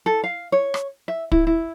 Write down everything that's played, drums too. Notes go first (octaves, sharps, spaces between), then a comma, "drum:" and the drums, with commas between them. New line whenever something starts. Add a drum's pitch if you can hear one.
A4
F5
C#5
drum: rim click
E5
E4, drum: kick
E4